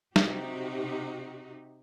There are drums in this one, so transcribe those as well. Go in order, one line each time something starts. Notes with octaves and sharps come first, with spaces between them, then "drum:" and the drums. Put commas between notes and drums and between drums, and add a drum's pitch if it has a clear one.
C3 D#4 F#4 G4, drum: snare